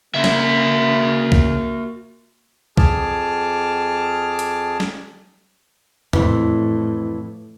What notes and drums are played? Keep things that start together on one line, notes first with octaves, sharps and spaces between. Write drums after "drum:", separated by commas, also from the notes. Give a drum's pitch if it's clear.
C#3 A#3 F#4 E5
drum: snare
drum: kick C2
F2 G#4 A5 D6 F6, drum: kick C2
drum: hi-hat
drum: snare
F2 A2 E3, drum: tom E2